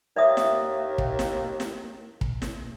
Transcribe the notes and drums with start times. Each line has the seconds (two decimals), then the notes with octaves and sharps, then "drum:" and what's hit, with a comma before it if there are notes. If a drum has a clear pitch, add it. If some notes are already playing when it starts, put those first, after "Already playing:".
0.16 D#2 D5 E5 D#6
0.37 drum: snare
0.98 drum: kick
1.19 drum: snare
1.60 drum: snare
2.21 drum: kick
2.42 drum: snare